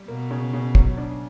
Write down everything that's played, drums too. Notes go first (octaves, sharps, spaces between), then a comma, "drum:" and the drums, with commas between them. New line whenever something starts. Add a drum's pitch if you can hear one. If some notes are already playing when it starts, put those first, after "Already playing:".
Already playing: G3
B2 A#3
C#3
C#3
F#3, drum: kick
D4